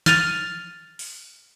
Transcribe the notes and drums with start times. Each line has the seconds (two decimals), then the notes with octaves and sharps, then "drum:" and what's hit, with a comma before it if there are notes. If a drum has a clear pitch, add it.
0.06 F6 A6 D#7 F7, drum: snare
0.99 drum: open hi-hat